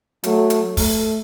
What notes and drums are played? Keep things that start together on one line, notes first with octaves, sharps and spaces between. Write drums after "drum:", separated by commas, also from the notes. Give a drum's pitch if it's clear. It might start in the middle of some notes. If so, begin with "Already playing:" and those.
F#3 A3, drum: hi-hat
drum: hi-hat
A3, drum: kick, open hi-hat